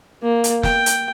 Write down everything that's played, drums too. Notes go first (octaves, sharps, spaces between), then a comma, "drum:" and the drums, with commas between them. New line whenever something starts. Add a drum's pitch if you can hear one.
A#3
drum: hi-hat
G5, drum: snare
drum: hi-hat